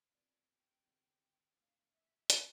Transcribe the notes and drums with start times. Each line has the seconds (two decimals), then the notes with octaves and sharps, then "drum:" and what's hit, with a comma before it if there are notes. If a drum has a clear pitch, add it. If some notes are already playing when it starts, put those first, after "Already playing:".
0.12 C3 F3 B3 D5
0.49 G5
0.85 E2 D3 G3 C4 F4
1.56 B2 A3 D4 F5
1.93 E5
2.30 D3 F3, drum: hi-hat